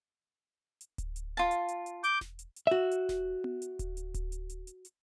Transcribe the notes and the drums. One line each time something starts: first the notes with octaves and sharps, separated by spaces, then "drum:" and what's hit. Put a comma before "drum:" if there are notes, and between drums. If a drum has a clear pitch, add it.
drum: hi-hat
drum: kick D1, hi-hat
drum: hi-hat
F4 A5
drum: hi-hat
drum: hi-hat
drum: hi-hat
D6 G6, drum: hi-hat
drum: snare E1
drum: hi-hat
drum: hi-hat
F#4 E5
drum: hi-hat
drum: snare E1
drum: tom B3
drum: hi-hat
drum: kick D1, hi-hat
drum: hi-hat
drum: kick D1, hi-hat
drum: hi-hat
drum: hi-hat
drum: hi-hat
drum: hi-hat